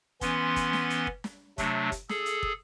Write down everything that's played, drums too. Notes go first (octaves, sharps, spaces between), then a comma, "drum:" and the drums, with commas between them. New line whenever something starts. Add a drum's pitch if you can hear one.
E3 B3 C#4 C6, drum: kick, hi-hat
drum: kick, hi-hat
drum: snare
drum: hi-hat
drum: kick
drum: snare
C3 F#3 A3 D4, drum: kick, hi-hat
drum: kick, hi-hat
G#4 A4, drum: snare
drum: hi-hat
drum: kick